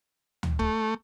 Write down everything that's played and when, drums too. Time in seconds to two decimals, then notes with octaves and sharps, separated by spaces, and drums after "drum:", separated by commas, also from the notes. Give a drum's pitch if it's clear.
0.43 drum: tom D2
0.59 A3, drum: kick